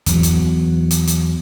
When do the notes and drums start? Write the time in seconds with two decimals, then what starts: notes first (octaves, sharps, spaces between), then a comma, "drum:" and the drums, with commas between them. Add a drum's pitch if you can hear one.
0.06 E2 F#3, drum: hi-hat
0.23 drum: hi-hat
0.91 drum: hi-hat
1.07 drum: hi-hat